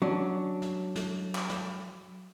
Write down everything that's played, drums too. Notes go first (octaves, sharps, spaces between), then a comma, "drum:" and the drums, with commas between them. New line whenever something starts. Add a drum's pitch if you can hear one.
F#3 C#4 D4
drum: snare
drum: snare
drum: clap
drum: snare